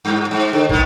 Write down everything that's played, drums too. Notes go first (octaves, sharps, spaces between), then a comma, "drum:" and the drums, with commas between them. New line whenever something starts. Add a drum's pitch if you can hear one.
G2
G#2
D3
D#3 B3, drum: kick